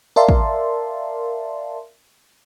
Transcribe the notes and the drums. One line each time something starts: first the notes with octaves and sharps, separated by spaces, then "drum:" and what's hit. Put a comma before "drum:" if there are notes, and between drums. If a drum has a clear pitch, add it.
A#4 D5 E5 F5 A5 C6
drum: kick